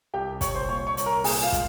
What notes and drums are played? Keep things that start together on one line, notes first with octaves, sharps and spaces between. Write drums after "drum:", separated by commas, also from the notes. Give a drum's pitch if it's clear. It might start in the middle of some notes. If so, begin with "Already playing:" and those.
C2 G4 G5
C2 C#5 C#6, drum: kick, hi-hat
C5 C6
A#2 C#5 C#6
C#5 C#6
C2, drum: hi-hat
A#4 A#5
A#2 G#4 G#5, drum: open hi-hat
F4 F5
G#3, drum: kick, hi-hat